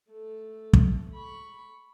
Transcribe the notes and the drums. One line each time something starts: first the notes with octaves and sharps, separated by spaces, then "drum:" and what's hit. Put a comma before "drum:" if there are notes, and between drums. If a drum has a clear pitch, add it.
A3 A4
drum: kick
B5 C#6